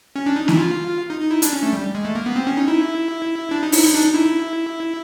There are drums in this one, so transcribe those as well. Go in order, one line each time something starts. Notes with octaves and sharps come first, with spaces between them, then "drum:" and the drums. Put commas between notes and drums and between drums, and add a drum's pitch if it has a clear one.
C#4
D4
D#4
E4, drum: snare A#3
F4
D#4
D#4
E4
D4, drum: hi-hat
C#4
A3
G3
G#3
A3
A#3
B3
C4
C#4
D#4
E4
D4
D#4
E4, drum: open hi-hat
D#4
D4
D#4
E4
E4